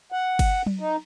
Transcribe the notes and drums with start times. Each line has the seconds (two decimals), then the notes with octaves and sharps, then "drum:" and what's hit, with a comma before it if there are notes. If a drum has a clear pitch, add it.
0.12 F#5
0.39 drum: kick G1, cymbal
0.66 drum: tom F#3
0.80 D#4